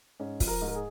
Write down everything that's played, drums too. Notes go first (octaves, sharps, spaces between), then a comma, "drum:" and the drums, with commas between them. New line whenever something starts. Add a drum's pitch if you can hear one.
G#2 C#4
F3, drum: kick, open hi-hat
A#4
G#2
A#4
G#4